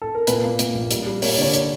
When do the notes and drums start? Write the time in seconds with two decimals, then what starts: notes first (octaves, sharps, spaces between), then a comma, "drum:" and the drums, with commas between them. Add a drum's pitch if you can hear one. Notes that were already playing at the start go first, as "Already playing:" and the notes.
0.02 A4
0.15 A#4
0.27 A#2 B4, drum: hi-hat
0.44 A#3
0.59 A#2, drum: hi-hat
0.75 A#1
0.91 G3, drum: hi-hat
1.07 G3
1.22 A#3 C#5, drum: open hi-hat
1.32 D5
1.38 D3 C#5
1.54 drum: hi-hat